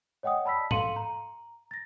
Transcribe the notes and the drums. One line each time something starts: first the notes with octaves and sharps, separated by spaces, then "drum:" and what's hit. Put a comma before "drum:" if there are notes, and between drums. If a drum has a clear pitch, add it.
C#5 D#5 F#5 G5 D#6
D5 A5 B5 E6 B6
A4 F5 C6 C#7 D#7 F#7, drum: tom G#2
A#5
A6 A#6